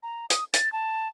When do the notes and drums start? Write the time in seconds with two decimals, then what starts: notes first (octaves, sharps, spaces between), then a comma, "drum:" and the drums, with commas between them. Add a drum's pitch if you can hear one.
0.03 A#5
0.30 D#6, drum: hi-hat
0.54 A6, drum: hi-hat
0.72 A5